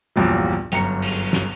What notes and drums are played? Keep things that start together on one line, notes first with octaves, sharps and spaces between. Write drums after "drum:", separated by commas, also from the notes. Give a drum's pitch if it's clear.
A#1 E2 G2 A#2 F#3
G1 F#2 A#5 C#7, drum: hi-hat
drum: open hi-hat
drum: snare